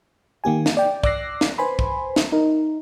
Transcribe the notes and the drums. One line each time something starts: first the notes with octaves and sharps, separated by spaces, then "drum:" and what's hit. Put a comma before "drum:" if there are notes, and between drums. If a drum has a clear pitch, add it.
D#3 A#3 G4 G#5
drum: snare
D5 G5
D5 D6 E6 F#6 A#6 C7, drum: kick
drum: snare
B4 C5 G#5 B5 C6
drum: kick
drum: snare
D#4 A#4